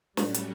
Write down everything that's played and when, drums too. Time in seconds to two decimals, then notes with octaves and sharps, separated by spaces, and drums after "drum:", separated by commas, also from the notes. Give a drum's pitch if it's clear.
0.17 A2 F#3 G3 A3 C#4 F#4, drum: snare
0.34 drum: hi-hat